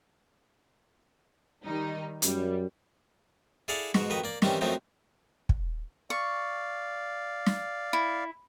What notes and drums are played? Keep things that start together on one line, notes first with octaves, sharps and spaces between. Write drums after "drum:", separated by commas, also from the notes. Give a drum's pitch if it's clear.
D#3 G3 D#4
F#2 G3, drum: hi-hat
E4 G#4 A4 D5 F5 F#5
G#2 B2 F#4, drum: snare
F2 D#3 F#4 B4 D#5
A#3 D5
D#3 E3 G3 C4 C#4, drum: snare
F#2 F3 F#3 A3 C4 D#4
drum: kick
D5 F5 C#6
drum: snare
E4